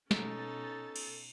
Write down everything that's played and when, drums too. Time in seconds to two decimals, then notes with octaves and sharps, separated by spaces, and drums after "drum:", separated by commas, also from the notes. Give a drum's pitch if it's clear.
0.11 B2 C#4 D#4 A4 A6, drum: snare
0.96 drum: cymbal